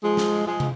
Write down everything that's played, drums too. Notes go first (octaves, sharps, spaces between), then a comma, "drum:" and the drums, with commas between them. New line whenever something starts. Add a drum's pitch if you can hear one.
F3 G#3
drum: snare
F3 G#3
drum: tom